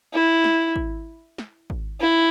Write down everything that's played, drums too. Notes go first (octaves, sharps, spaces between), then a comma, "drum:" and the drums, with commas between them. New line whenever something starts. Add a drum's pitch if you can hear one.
E4
drum: snare
drum: kick G#1
drum: snare
drum: kick G#1
E4